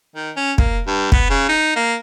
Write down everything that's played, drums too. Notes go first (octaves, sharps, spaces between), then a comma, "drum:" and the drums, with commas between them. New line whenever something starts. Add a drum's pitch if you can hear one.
D#3
C#4
A#3, drum: kick
G2
B3, drum: kick
C#3
D#4
A#3